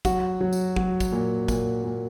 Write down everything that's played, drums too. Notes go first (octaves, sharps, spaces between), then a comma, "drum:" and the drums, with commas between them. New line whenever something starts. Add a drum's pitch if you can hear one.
F#3 F#4, drum: kick, tambourine
F#3
drum: tambourine
F#3, drum: kick
drum: kick, tambourine
A#2
A#2, drum: kick, tambourine
A#2